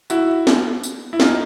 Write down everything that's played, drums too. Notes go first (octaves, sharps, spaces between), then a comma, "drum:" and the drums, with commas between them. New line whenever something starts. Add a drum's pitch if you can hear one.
E4 F#4, drum: tambourine
drum: snare
drum: tambourine
E4
D#4 F4, drum: snare